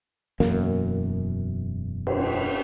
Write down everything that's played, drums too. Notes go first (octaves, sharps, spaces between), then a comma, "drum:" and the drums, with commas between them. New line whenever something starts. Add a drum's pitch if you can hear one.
E1 F#2 A#3, drum: snare
drum: cymbal